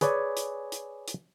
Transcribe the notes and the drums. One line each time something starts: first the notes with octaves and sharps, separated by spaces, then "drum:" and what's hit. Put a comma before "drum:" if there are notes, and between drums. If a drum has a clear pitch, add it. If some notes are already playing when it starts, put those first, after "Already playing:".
G#4 B4 C#5 D5 G#5, drum: hi-hat
drum: hi-hat
drum: hi-hat
drum: hi-hat